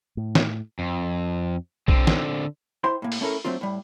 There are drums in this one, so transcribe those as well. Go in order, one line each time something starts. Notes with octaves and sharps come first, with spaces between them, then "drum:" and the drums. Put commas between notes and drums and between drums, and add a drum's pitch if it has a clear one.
A2
drum: snare
F2
D3 C4, drum: kick B1
drum: snare
E4 C5 G5 C6
A2 A#3
drum: open hi-hat
A3 C#4 E4 A4 A#4
F#3 G#3 A3 C4 D4 F4
A2 G3